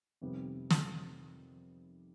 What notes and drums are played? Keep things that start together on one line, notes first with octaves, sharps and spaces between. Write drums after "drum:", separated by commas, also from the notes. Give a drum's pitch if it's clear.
F2 C3 D#3 G3 B3
drum: snare